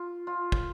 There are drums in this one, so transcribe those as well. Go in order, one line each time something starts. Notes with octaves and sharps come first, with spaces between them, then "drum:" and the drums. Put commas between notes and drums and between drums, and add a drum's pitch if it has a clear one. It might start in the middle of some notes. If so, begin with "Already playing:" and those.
Already playing: F4
F4
drum: kick